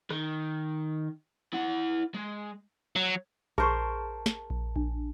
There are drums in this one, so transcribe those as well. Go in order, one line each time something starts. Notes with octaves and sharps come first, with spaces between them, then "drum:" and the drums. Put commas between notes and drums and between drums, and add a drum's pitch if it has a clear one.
D#3, drum: rim click
E4 F#5
G#3
F#3
G#4 A#4 C5 A5 C#6, drum: kick A#1
drum: snare
drum: kick A#1
D4, drum: kick A#1